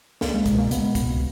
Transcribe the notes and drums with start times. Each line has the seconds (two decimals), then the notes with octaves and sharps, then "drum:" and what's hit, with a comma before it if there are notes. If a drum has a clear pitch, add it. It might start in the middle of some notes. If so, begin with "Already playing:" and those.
0.21 C#2 A#3, drum: snare
0.34 G#3
0.46 B2 G#3, drum: kick, hi-hat
0.58 A#3
0.71 C#2 B3, drum: hi-hat
0.95 B2, drum: kick, hi-hat